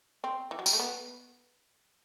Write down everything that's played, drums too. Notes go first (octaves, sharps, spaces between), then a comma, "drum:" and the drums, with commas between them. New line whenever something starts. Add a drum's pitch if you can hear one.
C4
E3
F#3
G3, drum: tambourine
A3
B3